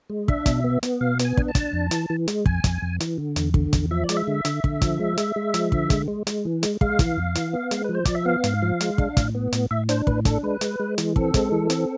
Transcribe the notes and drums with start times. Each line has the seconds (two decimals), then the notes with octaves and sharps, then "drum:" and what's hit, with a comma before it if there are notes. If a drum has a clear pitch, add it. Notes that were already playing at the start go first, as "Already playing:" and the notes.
0.10 G#3
0.28 D4 E5, drum: kick
0.46 B2, drum: kick, hi-hat
0.64 B3
0.83 B3, drum: hi-hat
1.01 B2 F5
1.19 B3, drum: hi-hat
1.25 G#5
1.37 D4, drum: kick
1.48 A5
1.55 D4, drum: kick, hi-hat
1.73 F2
1.91 E3, drum: hi-hat
2.10 E3
2.28 G#3, drum: hi-hat
2.46 F2 G#5, drum: kick
2.64 F2, drum: kick, hi-hat
2.82 F2
3.00 E3, drum: hi-hat
3.18 D3
3.36 E2, drum: hi-hat
3.54 D3, drum: kick
3.73 E2, drum: kick, hi-hat
3.91 F3 E5
4.04 D5
4.09 G#3, drum: hi-hat
4.17 E5
4.27 D3
4.45 D3, drum: hi-hat
4.64 D3, drum: kick
4.82 F3, drum: kick, hi-hat
4.99 G#3
5.17 G#3, drum: hi-hat
5.36 G#3
5.54 F3, drum: hi-hat
5.72 D3, drum: kick
5.90 G#3, drum: kick, hi-hat
6.08 G#3
6.27 G#3, drum: hi-hat
6.45 E3
6.63 G#3, drum: hi-hat
6.81 G#3 F5, drum: kick
6.99 E3, drum: kick, hi-hat
7.17 F2
7.35 E3, drum: hi-hat
7.53 B3
7.71 G#3, drum: hi-hat
7.84 F3 B4
7.95 C5
8.05 F3 D5, drum: kick, hi-hat
8.15 E5
8.25 B3 F5
8.44 G#2, drum: hi-hat
8.62 F3
8.80 G#3, drum: hi-hat
8.98 D4, drum: kick
9.17 A2, drum: kick, hi-hat
9.35 B3
9.52 A2, drum: hi-hat
9.71 A2 E5
9.89 D4 C5, drum: hi-hat
10.07 A2 B4, drum: kick
10.25 D4 A4, drum: kick, hi-hat
10.43 G#3 B4
10.61 G#3, drum: hi-hat
10.80 G#3
10.98 E3, drum: hi-hat
11.16 C4 A4, drum: kick
11.34 G#3, drum: kick, hi-hat
11.52 E3
11.70 C4, drum: hi-hat